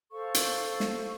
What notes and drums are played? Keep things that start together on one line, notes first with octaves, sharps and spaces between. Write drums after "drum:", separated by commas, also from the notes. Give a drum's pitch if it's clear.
A4 C5 F5 C#6
drum: hi-hat
drum: snare